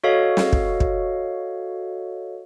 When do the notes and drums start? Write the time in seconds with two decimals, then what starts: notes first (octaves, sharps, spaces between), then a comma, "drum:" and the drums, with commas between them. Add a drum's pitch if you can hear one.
0.04 F#4 A4 C#5 D#5 F5
0.37 drum: snare
0.53 drum: kick
0.80 drum: kick